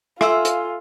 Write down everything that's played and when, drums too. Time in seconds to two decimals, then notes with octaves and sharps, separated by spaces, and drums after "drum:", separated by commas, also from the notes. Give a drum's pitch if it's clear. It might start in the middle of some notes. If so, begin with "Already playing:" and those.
0.21 F4 A4 E5 F5 G#5 C6 E6, drum: rim click
0.45 drum: hi-hat